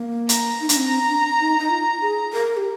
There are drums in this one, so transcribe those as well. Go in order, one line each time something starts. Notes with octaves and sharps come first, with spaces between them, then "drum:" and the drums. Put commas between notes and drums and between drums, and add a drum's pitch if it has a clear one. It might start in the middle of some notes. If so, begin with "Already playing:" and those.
Already playing: A#3
A#5, drum: hi-hat
D#4
D4, drum: hi-hat
C4
D4
D#4
D#4
F4
G#4
A#4
G4